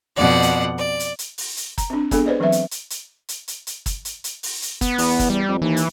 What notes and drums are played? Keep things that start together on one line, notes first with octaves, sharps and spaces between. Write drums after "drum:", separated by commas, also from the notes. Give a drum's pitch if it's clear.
F2 B2 D5 F#5
drum: hi-hat
D5
drum: hi-hat
drum: hi-hat
drum: open hi-hat
drum: hi-hat
A#5, drum: kick, hi-hat
C4 D4
G#3 B3 D4 G#4 A4, drum: kick, hi-hat
B4 C5 D5 D#5
E3 F#3 G#3 C4 B4 E5
drum: hi-hat
drum: hi-hat
drum: hi-hat
drum: hi-hat
drum: hi-hat
drum: hi-hat
drum: kick, hi-hat
drum: hi-hat
drum: hi-hat
drum: open hi-hat
drum: hi-hat
B3, drum: kick, hi-hat
E2, drum: open hi-hat
drum: kick, hi-hat
G3
F2
D#2 E3
drum: hi-hat